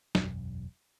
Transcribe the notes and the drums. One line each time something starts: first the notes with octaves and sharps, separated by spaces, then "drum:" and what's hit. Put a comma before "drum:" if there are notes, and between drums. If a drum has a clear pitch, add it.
E1 B1 F#2, drum: snare